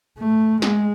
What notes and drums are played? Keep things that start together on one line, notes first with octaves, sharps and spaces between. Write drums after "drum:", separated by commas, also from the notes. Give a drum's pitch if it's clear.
A3
G#3, drum: snare